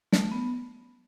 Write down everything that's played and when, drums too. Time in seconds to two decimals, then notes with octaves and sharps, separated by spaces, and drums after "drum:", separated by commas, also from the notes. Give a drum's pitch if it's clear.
0.12 A3, drum: snare
0.32 B3